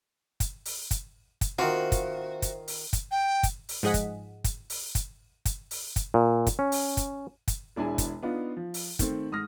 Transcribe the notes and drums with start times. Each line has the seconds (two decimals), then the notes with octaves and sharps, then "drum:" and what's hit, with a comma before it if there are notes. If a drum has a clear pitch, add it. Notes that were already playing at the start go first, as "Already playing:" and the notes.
0.40 drum: kick, hi-hat
0.65 drum: open hi-hat
0.91 drum: kick, hi-hat
1.41 drum: kick, hi-hat
1.59 D#3 A#3 C4 F4 F#4 C5 E5
1.92 drum: kick, hi-hat
2.42 drum: kick, hi-hat
2.68 drum: open hi-hat
2.93 drum: kick, hi-hat
3.11 G5
3.43 drum: kick, hi-hat
3.69 drum: open hi-hat
3.83 G#2 F3 G#4 D#5 F#5 B6
3.94 drum: kick, hi-hat
4.44 drum: kick, hi-hat
4.70 drum: open hi-hat
4.95 drum: kick, hi-hat
5.45 drum: kick, hi-hat
5.71 drum: open hi-hat
5.96 drum: kick, hi-hat
6.14 A#2
6.47 drum: kick, hi-hat
6.59 C#4
6.72 drum: open hi-hat
6.97 drum: kick, hi-hat
7.48 drum: kick, hi-hat
7.76 E1 D4 E4 G#4 G#5
7.98 drum: kick, hi-hat
8.23 B3 D4 D#4 F4
8.57 F3
8.74 drum: open hi-hat
8.99 D#3 A3 C4, drum: kick, hi-hat
9.32 G#2 D#6 F6 A#6